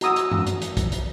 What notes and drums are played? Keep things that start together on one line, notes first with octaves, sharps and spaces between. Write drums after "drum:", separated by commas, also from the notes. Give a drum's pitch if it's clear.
F#4 A#5 D#6 E6, drum: hi-hat
drum: hi-hat
drum: tom G2
drum: hi-hat
drum: hi-hat
drum: kick, hi-hat
drum: hi-hat